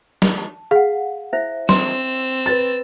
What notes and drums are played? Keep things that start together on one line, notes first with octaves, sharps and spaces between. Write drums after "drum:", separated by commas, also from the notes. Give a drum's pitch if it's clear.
drum: snare
A5
G#4 F5 F#5
E4 C5 E5
C4 C6 E6, drum: snare
B4 A6